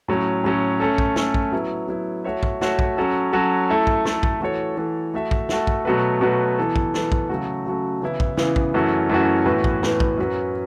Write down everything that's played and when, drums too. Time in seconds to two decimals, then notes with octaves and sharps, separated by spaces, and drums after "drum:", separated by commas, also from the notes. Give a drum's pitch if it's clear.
0.08 A2 F#3 C#4
0.44 A2 F#3 C#4
0.80 A3 C#4 A4
0.98 drum: kick A#1
1.16 A3 C#4 A4, drum: snare
1.34 drum: kick A#1
1.52 F#3 B3 E4
1.88 F#3 B3 E4
2.24 A3 F#4 C#5 E5
2.43 drum: kick A#1
2.61 A3 F#4 C#5 E5, drum: snare
2.79 drum: kick A#1
2.97 F#3 C#4 F#4 A4
3.33 F#3 C#4 F#4 A4
3.69 A3 E4 A4
3.87 drum: kick A#1
4.05 A3 E4 A4, drum: snare
4.23 drum: kick A#1
4.41 E3 A3 F#4 A4 C#5
4.77 E3 A3 F#4 A4 C#5
5.14 A3 F#4 A4 E5
5.31 drum: kick A#1
5.49 A3 F#4 A4 E5, drum: snare
5.67 drum: kick A#1
5.85 B2 F#3 A3 F#4 B4
6.21 B2 F#3 A3 F#4 B4
6.58 E3 B3 A4
6.76 drum: kick A#1
6.94 E3 B3 A4, drum: snare
7.12 drum: kick A#1
7.29 C#3 F#3 A3 F#4
7.66 C#3 F#3 A3 F#4
8.01 C#3 E3 B3 E4
8.20 drum: kick A#1
8.37 C#3 E3 B3 E4, drum: snare
8.56 drum: kick A#1
8.74 F#2 E3 A3 C#4 F#4
9.10 F#2 E3 A3 C#4 F#4
9.46 A2 E3 B3 F#4 B4
9.64 drum: kick A#1
9.83 A2 E3 B3 F#4 B4, drum: snare
10.00 drum: kick A#1
10.18 F#2 F#3 C#4 F#4 B4